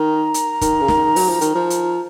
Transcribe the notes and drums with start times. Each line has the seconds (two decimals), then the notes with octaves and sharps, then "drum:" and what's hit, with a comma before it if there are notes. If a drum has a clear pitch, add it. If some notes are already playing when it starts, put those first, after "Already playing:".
Already playing: D#3 A#5
0.34 drum: hi-hat
0.61 D#3, drum: kick, hi-hat
0.81 C#3
0.88 D#3, drum: snare
1.16 F#3, drum: open hi-hat
1.29 F3
1.41 D#3, drum: hi-hat
1.55 F3
1.70 drum: hi-hat